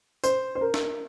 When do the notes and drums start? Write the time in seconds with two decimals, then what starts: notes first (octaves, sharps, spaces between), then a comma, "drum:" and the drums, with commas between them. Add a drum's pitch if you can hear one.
0.24 C5, drum: tambourine
0.55 C5
0.61 A#4
0.74 drum: snare